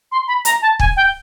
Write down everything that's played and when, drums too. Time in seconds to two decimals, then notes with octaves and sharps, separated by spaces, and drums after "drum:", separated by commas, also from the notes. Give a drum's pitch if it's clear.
0.12 C6
0.28 B5
0.45 A#5, drum: hi-hat
0.62 A5
0.80 G#5, drum: kick
0.96 G5